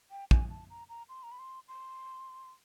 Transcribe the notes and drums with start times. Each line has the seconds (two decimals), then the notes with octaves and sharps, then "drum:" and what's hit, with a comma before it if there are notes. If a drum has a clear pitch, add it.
0.11 G5
0.31 G#5, drum: kick
0.50 A5
0.70 A#5
0.89 A#5
1.09 C6
1.23 A#5
1.32 B5
1.39 C6
1.68 C6